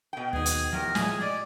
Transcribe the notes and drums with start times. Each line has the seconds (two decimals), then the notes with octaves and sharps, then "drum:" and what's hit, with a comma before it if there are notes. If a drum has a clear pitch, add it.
0.13 B2 G5
0.33 D#2 B3 D#4 G#4
0.46 drum: hi-hat
0.73 E2 F3 G4 A#4
0.95 A#2 G#3 E4 G#4 G#5, drum: snare
1.21 G3 D5 D#5